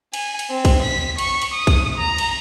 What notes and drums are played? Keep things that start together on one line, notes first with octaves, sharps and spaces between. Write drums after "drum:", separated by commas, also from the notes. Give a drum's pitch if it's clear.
G#5, drum: cymbal
drum: cymbal
C4
drum: kick, cymbal
B6
C#6, drum: cymbal
drum: cymbal
D#6
drum: kick, cymbal
A#5
drum: cymbal